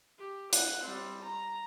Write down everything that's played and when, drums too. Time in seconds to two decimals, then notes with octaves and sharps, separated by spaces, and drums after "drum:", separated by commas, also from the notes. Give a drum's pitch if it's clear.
0.18 G4
0.53 F#5, drum: hi-hat
0.83 G3 C4
1.22 A#5